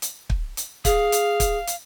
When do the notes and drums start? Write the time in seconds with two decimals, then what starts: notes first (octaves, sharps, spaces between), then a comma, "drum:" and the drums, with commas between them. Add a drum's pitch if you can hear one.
0.02 drum: hi-hat
0.30 drum: kick
0.57 drum: hi-hat
0.85 G#4 F5, drum: kick, hi-hat
1.12 drum: hi-hat
1.40 drum: kick, hi-hat
1.67 drum: hi-hat